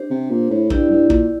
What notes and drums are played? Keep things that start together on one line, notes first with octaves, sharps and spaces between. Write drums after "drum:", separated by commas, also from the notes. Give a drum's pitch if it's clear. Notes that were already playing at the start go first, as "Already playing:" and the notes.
Already playing: D4 G4 C5
C3
A#2
A2
G2 E4 G4 D5, drum: kick
G2
A#2, drum: kick